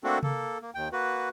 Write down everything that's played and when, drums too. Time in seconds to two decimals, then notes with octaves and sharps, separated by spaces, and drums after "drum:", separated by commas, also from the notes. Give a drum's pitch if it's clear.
0.04 A3 A#3 C4 D4 F#4 A4
0.23 A#3 A4, drum: tom C3
0.62 A#3
0.75 D#2 G5
0.92 A#3 F#4 B4